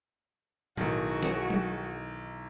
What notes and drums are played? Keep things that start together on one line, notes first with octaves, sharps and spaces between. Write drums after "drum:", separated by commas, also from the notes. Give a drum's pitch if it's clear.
B1 D#3 E3 F#4 G#4, drum: tom A2
drum: snare
drum: tom F#3